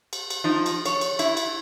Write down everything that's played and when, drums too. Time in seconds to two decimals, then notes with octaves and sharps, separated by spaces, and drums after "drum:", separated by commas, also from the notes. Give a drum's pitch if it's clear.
0.13 drum: cymbal
0.30 drum: cymbal
0.44 F3 D#4
0.66 drum: cymbal
0.86 C#5, drum: cymbal
1.01 drum: cymbal
1.19 E4, drum: cymbal
1.37 drum: cymbal